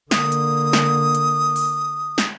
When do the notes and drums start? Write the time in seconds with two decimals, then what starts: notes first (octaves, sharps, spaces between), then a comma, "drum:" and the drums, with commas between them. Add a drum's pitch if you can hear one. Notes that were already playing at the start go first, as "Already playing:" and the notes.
0.11 D3 A#3 D#6, drum: snare
0.32 drum: hi-hat
0.73 drum: snare
1.15 drum: hi-hat
1.56 drum: open hi-hat
2.18 drum: snare